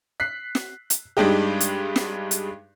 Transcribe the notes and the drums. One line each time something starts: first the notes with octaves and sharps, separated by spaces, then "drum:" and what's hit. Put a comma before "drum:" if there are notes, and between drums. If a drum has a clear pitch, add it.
F#6 B6 C7
drum: snare
drum: hi-hat
G2 G3 G#3 D4 D#4 G4
drum: hi-hat
drum: snare
drum: hi-hat